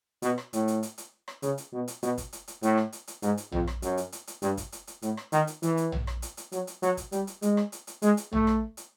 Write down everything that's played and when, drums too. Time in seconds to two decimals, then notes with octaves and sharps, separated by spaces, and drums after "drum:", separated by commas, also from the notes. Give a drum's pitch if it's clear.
0.22 B2, drum: hi-hat
0.38 drum: rim click
0.53 A2, drum: hi-hat
0.68 drum: hi-hat
0.83 drum: hi-hat
0.98 drum: hi-hat
1.28 drum: rim click
1.42 C#3, drum: hi-hat
1.58 drum: hi-hat
1.73 B2
1.88 drum: hi-hat
2.03 B2, drum: hi-hat
2.18 drum: kick, hi-hat
2.33 drum: hi-hat
2.48 drum: hi-hat
2.63 A2, drum: hi-hat
2.77 drum: rim click
2.92 drum: hi-hat
3.07 drum: hi-hat
3.22 G#2, drum: hi-hat
3.37 drum: hi-hat
3.52 F2, drum: tom A#1
3.67 drum: rim click
3.82 F#2, drum: hi-hat
3.97 drum: hi-hat
4.12 drum: hi-hat
4.27 drum: hi-hat
4.42 G2, drum: hi-hat
4.57 drum: kick, hi-hat
4.72 drum: hi-hat
4.87 drum: hi-hat
5.02 A2, drum: hi-hat
5.17 drum: rim click
5.32 D#3, drum: hi-hat
5.47 drum: hi-hat
5.63 E3, drum: hi-hat
5.77 drum: hi-hat
5.92 drum: tom A#1
6.07 drum: rim click
6.22 drum: hi-hat
6.37 drum: hi-hat
6.52 F#3, drum: hi-hat
6.67 drum: hi-hat
6.82 F#3, drum: hi-hat
6.97 drum: kick, hi-hat
7.12 G3, drum: hi-hat
7.27 drum: hi-hat
7.42 G#3, drum: hi-hat
7.57 drum: rim click
7.72 drum: hi-hat
7.87 drum: hi-hat
8.02 G#3, drum: hi-hat
8.17 drum: hi-hat
8.33 A3, drum: tom A#1
8.47 drum: rim click
8.77 drum: hi-hat